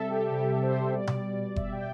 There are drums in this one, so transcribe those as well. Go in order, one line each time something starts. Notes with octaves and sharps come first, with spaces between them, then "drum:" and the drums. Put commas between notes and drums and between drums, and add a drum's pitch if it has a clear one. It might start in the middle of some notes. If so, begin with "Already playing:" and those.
Already playing: C3 G3 A4 E5
G4
C3 G3 G4
C5
B2 G3 D5
drum: tom B2
B2 G3 E5, drum: kick F#1
G5